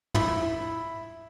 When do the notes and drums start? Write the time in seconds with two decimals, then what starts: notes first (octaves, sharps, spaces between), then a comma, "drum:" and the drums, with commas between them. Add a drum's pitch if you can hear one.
0.14 E4, drum: tom